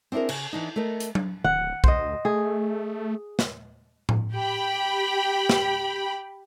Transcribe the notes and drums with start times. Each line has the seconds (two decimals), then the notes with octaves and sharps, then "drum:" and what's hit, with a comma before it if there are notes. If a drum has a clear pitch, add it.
0.12 C4 D4 E4 G#4 A#4
0.29 C#3, drum: cymbal
0.53 E3 D4 D#4
0.76 A3 A4 A#4 D#5
1.00 drum: hi-hat
1.15 drum: tom F#3
1.44 D1 F#5, drum: tom D#3
1.84 D2 C5 D#5, drum: kick B1
2.25 A3 G#4
3.39 drum: snare
4.09 drum: tom A2
4.34 G4 G5 B5
5.49 drum: snare